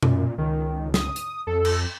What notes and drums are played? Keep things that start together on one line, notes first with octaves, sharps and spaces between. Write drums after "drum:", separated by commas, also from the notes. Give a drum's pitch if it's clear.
F#2 A#2, drum: tom B2
C#2 D#3
D#6, drum: snare
drum: hi-hat
F2 A4
drum: cymbal